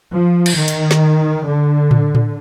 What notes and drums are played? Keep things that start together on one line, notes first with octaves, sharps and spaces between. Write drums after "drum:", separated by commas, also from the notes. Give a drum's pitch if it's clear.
F3
drum: cymbal
D#3
drum: hi-hat
drum: snare
D3
drum: tom A2
drum: tom A2